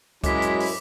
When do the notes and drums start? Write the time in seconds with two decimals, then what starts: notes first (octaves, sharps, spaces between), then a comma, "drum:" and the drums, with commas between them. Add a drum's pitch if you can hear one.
0.24 F#2 F#3 G#3 E4 D6 B6, drum: kick, hi-hat
0.42 drum: hi-hat
0.60 drum: open hi-hat